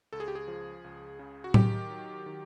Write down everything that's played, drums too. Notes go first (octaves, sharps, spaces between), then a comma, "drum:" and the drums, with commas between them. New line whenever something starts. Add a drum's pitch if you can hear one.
C#2 A4
G#4
G4
G#4
F3
C#2
C#3
F#4
D#3 G4, drum: tom
F#3
D#3